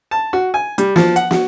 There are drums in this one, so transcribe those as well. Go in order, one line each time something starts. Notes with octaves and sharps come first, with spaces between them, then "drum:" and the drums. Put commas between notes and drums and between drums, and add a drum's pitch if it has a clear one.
A5
F#4
G#5
G3, drum: hi-hat
F3, drum: snare
F#5, drum: hi-hat
F#4, drum: snare